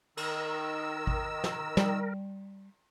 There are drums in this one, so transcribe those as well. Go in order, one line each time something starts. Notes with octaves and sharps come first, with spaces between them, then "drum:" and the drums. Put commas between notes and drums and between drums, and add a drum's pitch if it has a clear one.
D#3 A#4 E6, drum: cymbal
drum: kick G#1
drum: snare
G3, drum: snare